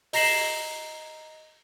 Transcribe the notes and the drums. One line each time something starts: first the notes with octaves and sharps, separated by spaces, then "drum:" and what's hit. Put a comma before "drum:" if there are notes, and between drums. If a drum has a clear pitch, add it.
D#5 A#5 A#6 C7 E7 F#7, drum: open hi-hat